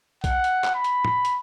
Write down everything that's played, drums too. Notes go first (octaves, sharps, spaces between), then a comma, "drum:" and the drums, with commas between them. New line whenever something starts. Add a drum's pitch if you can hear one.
F#5, drum: kick, hi-hat
drum: hi-hat
drum: clap
B5
drum: hi-hat
drum: tom
drum: hi-hat